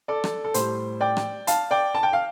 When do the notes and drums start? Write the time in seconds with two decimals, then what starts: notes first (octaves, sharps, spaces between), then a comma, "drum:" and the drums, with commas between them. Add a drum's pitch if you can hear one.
0.08 A4 D5
0.24 drum: rim click
0.44 A4
0.54 A2 G3 C5, drum: hi-hat
1.01 D5 G5
1.17 drum: rim click
1.47 F5 A5, drum: hi-hat
1.71 D5 G5
1.95 A5
2.03 G5
2.13 F5